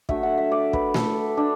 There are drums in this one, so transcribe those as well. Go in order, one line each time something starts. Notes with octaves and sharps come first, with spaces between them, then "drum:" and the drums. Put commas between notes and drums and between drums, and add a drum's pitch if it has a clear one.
D3 F#3 A3 E5, drum: kick
F#5
E5
D5
B4, drum: kick
A4, drum: snare A3
D4